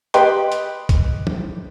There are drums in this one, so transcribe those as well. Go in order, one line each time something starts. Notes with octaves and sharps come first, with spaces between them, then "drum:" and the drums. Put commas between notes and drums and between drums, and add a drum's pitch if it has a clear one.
G4 B4 D#5 G5 C6, drum: hi-hat
drum: hi-hat
drum: kick, hi-hat
drum: tom